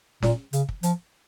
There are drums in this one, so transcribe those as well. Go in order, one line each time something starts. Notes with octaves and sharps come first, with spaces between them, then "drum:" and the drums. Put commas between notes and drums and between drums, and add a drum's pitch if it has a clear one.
A#2, drum: snare
C#3, drum: hi-hat
drum: kick
F3, drum: hi-hat